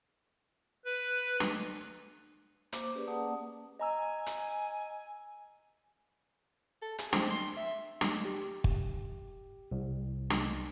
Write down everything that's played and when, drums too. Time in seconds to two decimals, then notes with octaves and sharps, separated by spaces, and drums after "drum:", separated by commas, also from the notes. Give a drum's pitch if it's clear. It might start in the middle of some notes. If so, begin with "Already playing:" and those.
0.85 B4
1.40 drum: snare
2.73 A#3 C5 D6, drum: hi-hat
2.95 C#4 G4 G#4 B4 D5
3.07 A#3 D5 F#5 A5 D#6
3.79 D#5 G#5 A#5 E6
4.26 drum: hi-hat
6.82 A4
6.98 G#4, drum: hi-hat
7.13 C4, drum: snare
7.31 C6
7.57 E5
8.01 drum: snare
8.25 G4
8.64 drum: kick
9.71 C2
10.30 drum: snare